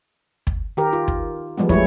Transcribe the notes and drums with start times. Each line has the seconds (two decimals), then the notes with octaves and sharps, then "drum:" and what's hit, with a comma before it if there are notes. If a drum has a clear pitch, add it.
0.47 drum: kick
0.77 D#3 G4 A#4
0.93 F4
1.08 drum: kick
1.58 F3 G3 G#3 B3
1.69 F#3 G#3 A3 E4 C#5, drum: kick